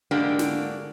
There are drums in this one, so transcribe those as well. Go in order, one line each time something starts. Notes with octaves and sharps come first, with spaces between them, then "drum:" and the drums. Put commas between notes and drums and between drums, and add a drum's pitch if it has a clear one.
G#2 D3 A#3 D4 F#4 G4
drum: snare